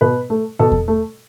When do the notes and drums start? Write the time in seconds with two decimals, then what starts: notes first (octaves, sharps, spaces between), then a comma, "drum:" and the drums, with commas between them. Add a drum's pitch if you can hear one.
0.01 B2 B4
0.30 A3
0.59 B2 A4
0.72 drum: kick E2
0.88 A3